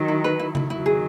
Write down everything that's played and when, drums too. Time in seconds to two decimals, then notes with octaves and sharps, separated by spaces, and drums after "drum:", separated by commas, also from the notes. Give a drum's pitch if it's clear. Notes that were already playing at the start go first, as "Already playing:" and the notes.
Already playing: D#3 F#3
0.08 E4
0.24 B4
0.39 E4
0.55 E4, drum: tom C#3
0.70 D#3 F#3 E4
0.86 G#4